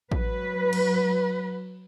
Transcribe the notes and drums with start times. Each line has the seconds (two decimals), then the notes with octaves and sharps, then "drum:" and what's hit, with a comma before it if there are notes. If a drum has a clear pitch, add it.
0.11 F#3 B4, drum: kick A1
0.73 drum: cymbal